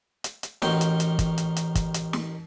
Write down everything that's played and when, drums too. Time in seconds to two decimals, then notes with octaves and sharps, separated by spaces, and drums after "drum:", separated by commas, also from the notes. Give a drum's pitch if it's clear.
0.24 drum: hi-hat
0.43 drum: hi-hat
0.62 A1 D#3 F#4 C5 G5 C6, drum: snare
0.81 drum: hi-hat
1.00 drum: hi-hat
1.19 drum: kick, hi-hat
1.38 drum: hi-hat
1.56 drum: hi-hat
1.75 drum: kick, hi-hat
1.94 drum: hi-hat
2.13 drum: snare